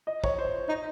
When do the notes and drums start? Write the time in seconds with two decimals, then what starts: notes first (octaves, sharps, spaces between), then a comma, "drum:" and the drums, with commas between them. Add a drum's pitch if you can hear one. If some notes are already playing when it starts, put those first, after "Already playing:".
0.07 D#5
0.24 C#5, drum: kick
0.38 C5
0.69 D#4 D#5